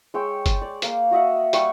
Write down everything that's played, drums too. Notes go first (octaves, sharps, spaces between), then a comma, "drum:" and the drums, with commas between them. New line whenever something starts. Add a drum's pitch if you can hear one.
G#3 C#5 G5 E6
drum: kick F#1, hi-hat
D5
A#3 F5, drum: hi-hat
F#4 D#5 E5 F#5
G3 F#5 G5 C#6, drum: hi-hat